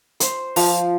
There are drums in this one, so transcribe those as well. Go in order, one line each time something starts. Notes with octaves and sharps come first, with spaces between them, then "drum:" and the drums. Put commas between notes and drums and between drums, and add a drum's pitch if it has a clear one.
C5, drum: hi-hat
F3, drum: open hi-hat